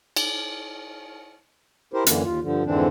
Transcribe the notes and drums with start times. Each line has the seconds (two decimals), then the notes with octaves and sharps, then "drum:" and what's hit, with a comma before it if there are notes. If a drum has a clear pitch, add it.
0.16 drum: cymbal
1.94 E4 G4 A#4 C5
2.06 F#2 D3 E3 A#3, drum: hi-hat
2.24 D#2 F4
2.42 G2 D3 F3
2.66 F2 G#2 D3 E3 C4 D4